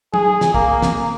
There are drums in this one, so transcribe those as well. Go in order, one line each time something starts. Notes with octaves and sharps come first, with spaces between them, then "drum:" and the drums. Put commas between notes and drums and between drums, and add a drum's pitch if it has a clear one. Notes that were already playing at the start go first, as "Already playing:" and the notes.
G#4, drum: tom
drum: snare
A#3, drum: kick
drum: snare